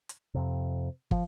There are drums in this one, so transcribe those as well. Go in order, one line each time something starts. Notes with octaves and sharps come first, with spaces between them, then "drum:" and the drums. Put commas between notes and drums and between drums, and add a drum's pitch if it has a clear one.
drum: hi-hat
F2 C3
F3, drum: kick